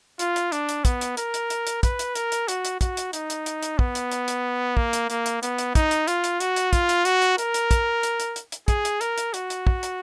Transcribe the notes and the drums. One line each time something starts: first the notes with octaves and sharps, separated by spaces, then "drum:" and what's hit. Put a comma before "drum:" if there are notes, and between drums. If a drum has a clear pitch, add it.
F4, drum: hi-hat
drum: hi-hat
D4, drum: hi-hat
drum: hi-hat
B3, drum: kick, hi-hat
drum: hi-hat
A#4, drum: hi-hat
drum: hi-hat
drum: hi-hat
drum: hi-hat
B4, drum: kick, hi-hat
drum: hi-hat
A#4, drum: hi-hat
drum: hi-hat
F#4, drum: hi-hat
drum: hi-hat
F#4, drum: kick, hi-hat
drum: hi-hat
D#4, drum: hi-hat
drum: hi-hat
drum: hi-hat
drum: hi-hat
B3, drum: kick
drum: hi-hat
drum: hi-hat
drum: hi-hat
A#3, drum: kick
drum: hi-hat
A#3, drum: hi-hat
drum: hi-hat
B3, drum: hi-hat
drum: hi-hat
D#4, drum: kick, hi-hat
drum: hi-hat
F4, drum: hi-hat
drum: hi-hat
F#4, drum: hi-hat
drum: hi-hat
F4, drum: kick, hi-hat
drum: hi-hat
F#4, drum: hi-hat
drum: hi-hat
A#4, drum: hi-hat
drum: hi-hat
drum: kick, hi-hat
drum: hi-hat
drum: hi-hat
drum: hi-hat
drum: hi-hat
G#4, drum: kick, hi-hat
drum: hi-hat
A#4, drum: hi-hat
drum: hi-hat
F#4, drum: hi-hat
drum: hi-hat
drum: kick
drum: hi-hat